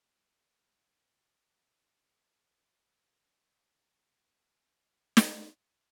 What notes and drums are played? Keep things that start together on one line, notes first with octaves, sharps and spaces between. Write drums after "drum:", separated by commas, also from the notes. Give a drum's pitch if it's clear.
A2 C4
D#5 F#5
G3 B3 F#4
F4 A4 F#5
G#4 A#4 B4 C#5 G5
C#3 G3
drum: snare